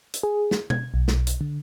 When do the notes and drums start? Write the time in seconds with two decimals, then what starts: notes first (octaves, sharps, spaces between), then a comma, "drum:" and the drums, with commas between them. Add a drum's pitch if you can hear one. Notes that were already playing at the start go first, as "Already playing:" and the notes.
0.14 drum: hi-hat
0.23 G#4
0.51 drum: snare
0.70 G#6, drum: tom B2
0.94 B1
1.08 drum: snare
1.27 drum: hi-hat
1.41 D3